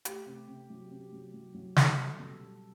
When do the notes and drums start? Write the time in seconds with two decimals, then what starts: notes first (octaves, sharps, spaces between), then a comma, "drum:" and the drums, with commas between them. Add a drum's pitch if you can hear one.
0.05 A3 G4, drum: hi-hat
0.26 C3
0.48 C3
0.70 F#3
0.91 C3
1.12 F#3
1.34 F#3
1.54 F#3
1.76 G3 A4, drum: snare
1.97 G3
2.19 B2
2.40 G3